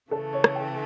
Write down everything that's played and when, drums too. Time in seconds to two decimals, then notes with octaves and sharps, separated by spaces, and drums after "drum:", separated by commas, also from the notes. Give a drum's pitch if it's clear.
0.11 C#3 E3 A3 A4
0.33 C#5
0.44 drum: rim click
0.55 G5